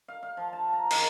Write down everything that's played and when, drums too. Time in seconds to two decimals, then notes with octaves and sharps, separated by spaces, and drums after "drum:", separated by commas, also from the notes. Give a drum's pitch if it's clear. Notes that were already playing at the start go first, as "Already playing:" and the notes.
0.08 F5
0.23 F5
0.37 F3
0.53 A5
0.73 A#5
0.91 D#3, drum: cymbal